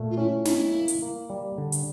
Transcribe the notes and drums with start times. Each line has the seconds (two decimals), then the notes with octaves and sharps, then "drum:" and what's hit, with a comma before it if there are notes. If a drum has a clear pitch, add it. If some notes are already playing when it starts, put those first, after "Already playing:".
Already playing: A#2 A3
0.11 F4
0.17 C#4 E4
0.45 D#4 E4, drum: snare
0.74 A#3
0.88 drum: hi-hat
1.02 A#3
1.30 G3
1.58 D3
1.72 drum: hi-hat